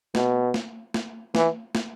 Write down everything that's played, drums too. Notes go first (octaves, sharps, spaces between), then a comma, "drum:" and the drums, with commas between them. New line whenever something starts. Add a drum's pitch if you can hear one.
B2, drum: snare
drum: snare
drum: snare
E3, drum: snare
drum: snare